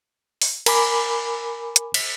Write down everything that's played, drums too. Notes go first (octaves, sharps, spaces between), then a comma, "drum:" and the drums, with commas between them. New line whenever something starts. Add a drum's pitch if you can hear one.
drum: open hi-hat
A#4 G#5 B5 D6, drum: cymbal
drum: hi-hat
drum: cymbal